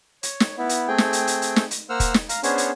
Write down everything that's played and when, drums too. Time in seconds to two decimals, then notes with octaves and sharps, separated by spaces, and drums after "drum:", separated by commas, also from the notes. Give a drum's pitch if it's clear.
0.23 C#5, drum: hi-hat
0.40 drum: snare
0.58 B3 E4
0.69 drum: hi-hat
0.88 A3 C4 G#4 G5
0.98 drum: snare
1.13 drum: hi-hat
1.27 drum: hi-hat
1.42 drum: hi-hat
1.56 drum: snare
1.71 drum: hi-hat
1.89 A#3 C5 F#5 E6 F6
2.00 drum: kick, hi-hat
2.14 drum: snare
2.29 F5 A#5, drum: hi-hat
2.43 B3 C#4 D4 G#4 C5 C#5, drum: hi-hat
2.58 drum: hi-hat